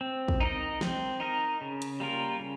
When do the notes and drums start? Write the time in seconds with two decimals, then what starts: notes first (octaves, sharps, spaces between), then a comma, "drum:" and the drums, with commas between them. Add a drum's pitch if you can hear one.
0.01 C4
0.28 drum: kick
0.40 D#4 A#4 D#5
0.81 C4, drum: snare
1.20 D#4 A#4 D#5
1.61 C#3
1.82 drum: hi-hat
2.00 G3 A#3 F4 A#4
2.40 C#3